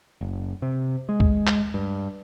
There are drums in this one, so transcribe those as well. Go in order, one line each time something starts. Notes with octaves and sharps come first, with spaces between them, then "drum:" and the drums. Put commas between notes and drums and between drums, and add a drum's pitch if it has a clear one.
F#1
C3
G#3
drum: kick
drum: clap
G2